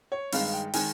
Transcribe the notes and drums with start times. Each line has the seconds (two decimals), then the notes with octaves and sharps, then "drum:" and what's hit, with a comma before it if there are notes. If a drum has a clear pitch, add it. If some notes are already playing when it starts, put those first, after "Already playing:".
0.12 C#5
0.32 G2 D#3 G#3 F5, drum: open hi-hat
0.53 G5
0.73 D#3 G#3 G#5, drum: open hi-hat